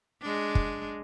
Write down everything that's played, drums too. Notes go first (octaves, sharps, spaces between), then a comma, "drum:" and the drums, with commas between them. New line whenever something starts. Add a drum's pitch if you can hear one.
G#3 D4
drum: kick